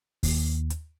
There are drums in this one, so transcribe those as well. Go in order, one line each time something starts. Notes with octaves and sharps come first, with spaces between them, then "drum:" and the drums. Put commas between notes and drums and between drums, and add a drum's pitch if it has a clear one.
D#2, drum: kick, open hi-hat
drum: hi-hat